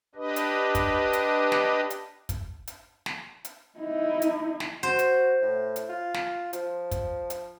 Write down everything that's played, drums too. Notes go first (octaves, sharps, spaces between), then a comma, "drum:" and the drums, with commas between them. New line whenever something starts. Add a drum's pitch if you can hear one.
D4 G4 B4 D#5
drum: hi-hat
drum: kick, hi-hat
drum: hi-hat
drum: snare
drum: hi-hat
drum: kick, hi-hat
drum: hi-hat
drum: snare
drum: hi-hat
D#4 E4
drum: hi-hat
drum: snare
F#4 C5
drum: hi-hat
A2
drum: hi-hat
F4
drum: snare
F3, drum: hi-hat
drum: kick, hi-hat
drum: hi-hat